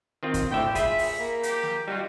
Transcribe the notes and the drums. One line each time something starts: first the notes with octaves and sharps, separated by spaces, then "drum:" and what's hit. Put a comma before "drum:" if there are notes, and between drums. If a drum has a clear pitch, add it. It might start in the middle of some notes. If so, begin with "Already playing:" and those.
D#3 C4 F4
drum: kick, hi-hat
D2 A2 G4 E5 G5
F4 G#4 E5 B5, drum: kick, hi-hat
drum: open hi-hat
A#3
G4, drum: hi-hat
drum: snare
G3 D#4 F4 F#4